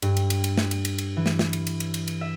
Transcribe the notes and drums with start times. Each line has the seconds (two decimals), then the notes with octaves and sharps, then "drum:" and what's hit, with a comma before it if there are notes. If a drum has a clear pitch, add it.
0.02 G2, drum: cymbal
0.17 drum: cymbal
0.30 drum: cymbal
0.44 drum: cymbal
0.58 drum: snare
0.71 drum: cymbal
0.85 drum: cymbal
0.98 drum: cymbal
1.17 E3
1.26 drum: snare
1.39 drum: snare
1.53 drum: cymbal
1.67 drum: cymbal
1.80 drum: cymbal
1.94 drum: cymbal
2.08 drum: cymbal
2.21 E5